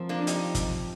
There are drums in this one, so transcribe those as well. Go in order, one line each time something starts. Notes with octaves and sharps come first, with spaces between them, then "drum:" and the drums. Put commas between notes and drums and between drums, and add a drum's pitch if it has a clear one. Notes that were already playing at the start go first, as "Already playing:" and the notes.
Already playing: F3 C4 F4 A#4
A#3 D4
D#4 G4, drum: hi-hat
drum: kick, hi-hat